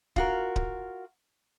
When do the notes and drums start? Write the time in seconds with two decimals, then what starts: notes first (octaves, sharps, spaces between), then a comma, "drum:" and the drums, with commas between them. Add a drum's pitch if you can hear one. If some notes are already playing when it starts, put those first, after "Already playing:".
0.16 F4 F#4 A#4, drum: kick D1
0.56 drum: kick D1